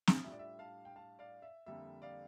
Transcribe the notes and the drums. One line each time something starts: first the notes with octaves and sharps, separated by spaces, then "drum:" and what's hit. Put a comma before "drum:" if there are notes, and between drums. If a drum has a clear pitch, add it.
drum: snare
A2 G3 D4 F4 E5
D5
E5
F5 A5
G5
F5 A5
D5 F5
E5
F2 D3 G3 A#3 E5
D5 F5